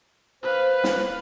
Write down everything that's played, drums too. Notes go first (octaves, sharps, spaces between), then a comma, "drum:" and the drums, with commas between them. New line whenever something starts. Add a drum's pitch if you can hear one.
B4 C5 F5
drum: snare